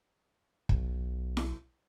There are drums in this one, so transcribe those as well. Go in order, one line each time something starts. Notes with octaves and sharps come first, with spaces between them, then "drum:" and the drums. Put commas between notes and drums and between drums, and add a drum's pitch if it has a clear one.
B1, drum: kick
drum: snare E4